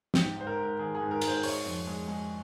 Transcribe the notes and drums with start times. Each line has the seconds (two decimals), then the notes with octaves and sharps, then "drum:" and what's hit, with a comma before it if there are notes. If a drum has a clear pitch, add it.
0.14 G#2 G4, drum: snare
0.36 G#2 C5
0.47 A#4
0.58 G#2
0.63 A#4
0.79 D#3 G#4
0.95 G#4
1.01 G#2
1.11 A#4
1.21 G#2, drum: cymbal
1.27 C5
1.43 G#3 C#5, drum: open hi-hat
1.66 F2
1.87 G#3
2.08 G#3